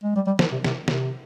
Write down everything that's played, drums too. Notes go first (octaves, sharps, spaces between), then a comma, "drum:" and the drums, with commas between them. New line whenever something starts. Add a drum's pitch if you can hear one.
G#3
G3
G3
F3, drum: snare
C3
C3, drum: snare
C3, drum: snare